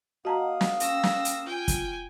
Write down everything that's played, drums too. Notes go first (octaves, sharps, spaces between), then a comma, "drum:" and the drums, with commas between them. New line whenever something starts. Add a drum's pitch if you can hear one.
A#3 F#4 D#5 F5 F#5 A5 A#5 D#6
drum: snare
C#4 G5 E6 A#6, drum: hi-hat
drum: snare
drum: hi-hat
F4 G5 G#5
drum: kick, hi-hat